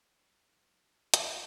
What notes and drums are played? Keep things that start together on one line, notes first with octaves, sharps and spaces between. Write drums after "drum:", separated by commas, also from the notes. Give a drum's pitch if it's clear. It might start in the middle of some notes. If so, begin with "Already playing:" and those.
D#3 F#3
drum: hi-hat